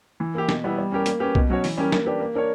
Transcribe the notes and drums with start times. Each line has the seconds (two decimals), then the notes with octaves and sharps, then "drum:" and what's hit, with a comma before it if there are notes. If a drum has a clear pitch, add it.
0.20 E3
0.34 A#3 E4 G4
0.49 B2, drum: snare
0.64 G3 B3 E4 B4
0.78 G3
0.92 C#4 G4 A#4
1.06 A#3, drum: hi-hat
1.20 C#4 G4 B4
1.35 B2, drum: kick B1
1.50 F#3 C#4 F#4 C#5
1.64 E3, drum: open hi-hat
1.77 G3 C#4 G4 A#4
1.92 A#3, drum: snare
2.06 D4 G4 B4
2.20 A#3
2.35 D4 A#4 C#5